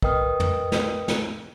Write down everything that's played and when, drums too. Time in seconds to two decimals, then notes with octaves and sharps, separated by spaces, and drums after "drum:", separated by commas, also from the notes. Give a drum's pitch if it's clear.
0.02 A#4 B4 D#5 G5 D#6 F6, drum: kick
0.40 drum: tom
0.72 drum: snare
1.08 drum: snare